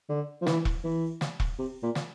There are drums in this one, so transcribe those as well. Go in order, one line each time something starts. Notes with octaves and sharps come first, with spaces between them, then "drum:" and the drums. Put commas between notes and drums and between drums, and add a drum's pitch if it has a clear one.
D3
F3
E3, drum: snare
drum: kick E1
E3
drum: snare
drum: kick E1
C3
A#2
drum: snare